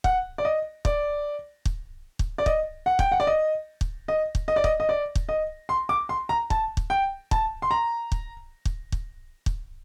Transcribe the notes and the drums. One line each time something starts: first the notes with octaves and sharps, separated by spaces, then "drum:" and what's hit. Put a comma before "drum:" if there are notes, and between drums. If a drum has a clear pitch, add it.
F#5, drum: kick
D5
D#5
D5, drum: kick
drum: kick
drum: kick
D5
D#5, drum: kick
F#5
G5, drum: kick
F#5
D5
D#5
drum: kick
D#5
drum: kick
D#5
D5
D#5, drum: kick
D#5
D5
drum: kick
D#5
C6
D6
C6
A#5
A5, drum: kick
drum: kick
G5
A5, drum: kick
C6
A#5
drum: kick
drum: kick
drum: kick
drum: kick